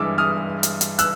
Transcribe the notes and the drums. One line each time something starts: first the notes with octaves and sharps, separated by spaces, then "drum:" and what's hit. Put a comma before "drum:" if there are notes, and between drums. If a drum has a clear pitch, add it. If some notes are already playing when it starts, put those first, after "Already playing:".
Already playing: G2 E3 G#3 D6 E6 F6
D#6 F6
drum: hi-hat
drum: hi-hat
E6 F#6, drum: hi-hat